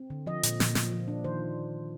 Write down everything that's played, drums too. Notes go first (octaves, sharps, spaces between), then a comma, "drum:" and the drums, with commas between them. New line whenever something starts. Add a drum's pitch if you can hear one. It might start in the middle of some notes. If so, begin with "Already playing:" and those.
Already playing: C4
D3
F3 D#5
A#2, drum: hi-hat
A#2, drum: snare
F3, drum: snare
F3
D4
D#3 C5